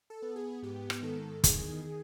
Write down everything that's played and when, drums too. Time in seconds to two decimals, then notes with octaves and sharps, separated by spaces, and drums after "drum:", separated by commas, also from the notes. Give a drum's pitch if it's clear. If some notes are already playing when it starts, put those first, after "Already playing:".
0.10 A4
0.22 B3
0.36 G#4
0.62 G#2 G4
0.90 drum: rim click
1.03 D#3 A4
1.44 E2 G#4, drum: kick, hi-hat
1.84 D#3